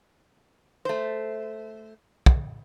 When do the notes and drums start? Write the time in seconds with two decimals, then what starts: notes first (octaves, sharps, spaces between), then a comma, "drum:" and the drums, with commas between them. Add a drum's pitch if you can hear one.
0.85 A3 C5
2.26 drum: kick